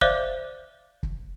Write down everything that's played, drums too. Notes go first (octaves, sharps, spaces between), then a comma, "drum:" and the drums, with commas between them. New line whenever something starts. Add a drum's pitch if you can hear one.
C5 D5 E5 F5 D6 F#6, drum: kick
drum: kick